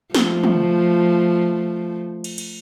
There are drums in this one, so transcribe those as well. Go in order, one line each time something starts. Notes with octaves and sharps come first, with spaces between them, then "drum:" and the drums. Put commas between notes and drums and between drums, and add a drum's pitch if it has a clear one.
F3 A3, drum: snare
drum: tom
drum: cymbal
drum: cymbal